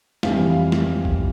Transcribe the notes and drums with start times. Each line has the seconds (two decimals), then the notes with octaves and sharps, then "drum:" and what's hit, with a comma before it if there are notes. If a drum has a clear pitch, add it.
0.23 F2 E3 G3 F5, drum: snare
0.72 drum: snare
1.05 drum: kick A#1